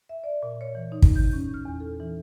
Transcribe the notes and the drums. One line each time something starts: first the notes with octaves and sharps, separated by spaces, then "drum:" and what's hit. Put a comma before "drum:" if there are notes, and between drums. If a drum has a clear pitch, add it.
E5
D5
A#2
C#5
E3
D#4
drum: kick
G6
C#4
F6
E2
A4
E3